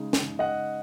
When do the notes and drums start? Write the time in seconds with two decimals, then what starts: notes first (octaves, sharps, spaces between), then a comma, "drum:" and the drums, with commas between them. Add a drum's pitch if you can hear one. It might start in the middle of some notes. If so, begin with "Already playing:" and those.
Already playing: C#3 G#3 D#4
0.13 drum: snare
0.39 D#5 F#5